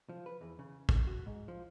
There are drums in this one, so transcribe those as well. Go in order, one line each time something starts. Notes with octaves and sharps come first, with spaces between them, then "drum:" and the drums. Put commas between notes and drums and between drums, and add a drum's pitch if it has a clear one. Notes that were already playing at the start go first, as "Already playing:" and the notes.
F3
B4
E2
C#3
drum: kick
F#4
G#2
F3